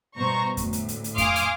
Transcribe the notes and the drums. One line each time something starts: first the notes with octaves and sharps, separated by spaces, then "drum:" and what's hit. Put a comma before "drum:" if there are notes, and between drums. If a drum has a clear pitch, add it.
G2 B2 C5 A#5 C#6
D2 A2, drum: kick F2, hi-hat
drum: hi-hat
drum: hi-hat
drum: hi-hat
F5 G#5 C6 D6 D#6 F6, drum: kick F2, hi-hat
drum: hi-hat